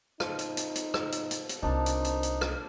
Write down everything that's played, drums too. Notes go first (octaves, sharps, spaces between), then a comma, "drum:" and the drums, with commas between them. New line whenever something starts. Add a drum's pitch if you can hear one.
F3 D#4, drum: rim click
drum: hi-hat
drum: hi-hat
drum: hi-hat
drum: rim click
drum: hi-hat
drum: hi-hat
drum: hi-hat
C2 A#2 C4 D4 D#4 C5 A5
drum: hi-hat
drum: hi-hat
drum: hi-hat
drum: rim click